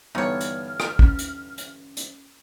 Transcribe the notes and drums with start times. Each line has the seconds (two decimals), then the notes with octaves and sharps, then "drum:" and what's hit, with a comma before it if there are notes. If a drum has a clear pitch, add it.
0.15 G2 D3 E3 G3 B3 D#4 C#5 F6
0.41 drum: hi-hat
0.80 drum: rim click
0.99 C#4, drum: kick
1.19 drum: hi-hat
1.58 drum: hi-hat
1.97 drum: hi-hat